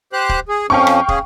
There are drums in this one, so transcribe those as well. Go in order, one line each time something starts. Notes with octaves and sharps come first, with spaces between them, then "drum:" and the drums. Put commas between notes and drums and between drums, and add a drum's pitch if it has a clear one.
G4 C5 F#6
drum: kick
G#4
F2 F3 C#4 F5 G5 C#6
drum: rim click
C#4 G#4, drum: kick